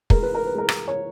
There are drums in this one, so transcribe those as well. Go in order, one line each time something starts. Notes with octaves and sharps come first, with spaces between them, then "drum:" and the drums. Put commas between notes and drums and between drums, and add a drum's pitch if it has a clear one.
G#3 A#4, drum: kick
B4
A#4
B4
G#3 A#4
drum: rim click
C#5